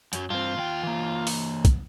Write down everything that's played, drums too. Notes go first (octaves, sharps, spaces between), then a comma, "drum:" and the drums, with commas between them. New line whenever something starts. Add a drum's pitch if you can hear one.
F#2 F#3, drum: hi-hat
G2 C4 F4
D#2 G5
E3 A#3
drum: open hi-hat
drum: kick, hi-hat